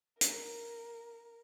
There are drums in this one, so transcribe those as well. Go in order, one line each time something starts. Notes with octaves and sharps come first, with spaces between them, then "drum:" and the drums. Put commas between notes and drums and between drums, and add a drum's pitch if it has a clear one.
A#4, drum: hi-hat